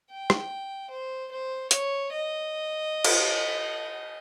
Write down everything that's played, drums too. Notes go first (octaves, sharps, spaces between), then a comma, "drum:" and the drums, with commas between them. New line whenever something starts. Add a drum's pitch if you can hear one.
G5
drum: rim click
C5
C5
C#5, drum: hi-hat
D#5
drum: cymbal